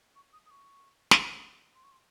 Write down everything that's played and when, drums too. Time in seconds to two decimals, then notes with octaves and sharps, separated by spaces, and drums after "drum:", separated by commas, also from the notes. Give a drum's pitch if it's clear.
0.15 C#6
0.33 D#6
0.46 D#6
0.51 C#6
1.11 drum: snare
1.75 C6
1.83 C#6
1.91 C6